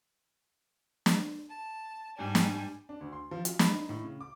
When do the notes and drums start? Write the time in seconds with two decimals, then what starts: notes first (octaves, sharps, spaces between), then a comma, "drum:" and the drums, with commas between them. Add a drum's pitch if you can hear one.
1.06 drum: snare
1.49 A5
2.17 G#2 G3 D4 G#5
2.35 drum: snare
2.89 D4
3.01 D2
3.12 C6
3.31 F3
3.45 F4, drum: hi-hat
3.59 B5, drum: snare
3.72 D#4
3.89 A2
4.04 C#3
4.21 D6